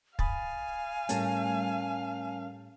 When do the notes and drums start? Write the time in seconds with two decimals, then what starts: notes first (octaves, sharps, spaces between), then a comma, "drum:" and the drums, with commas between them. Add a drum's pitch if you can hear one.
0.19 F5 G#5 B5 D#6 A6, drum: kick
1.09 A2 G3 A3 C#4 A#4 A5, drum: hi-hat